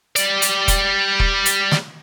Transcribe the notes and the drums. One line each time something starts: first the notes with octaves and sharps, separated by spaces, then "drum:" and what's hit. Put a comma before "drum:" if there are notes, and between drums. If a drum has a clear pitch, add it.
G3 D5, drum: hi-hat
drum: hi-hat
drum: kick E1, hi-hat
drum: kick E1
drum: hi-hat
drum: snare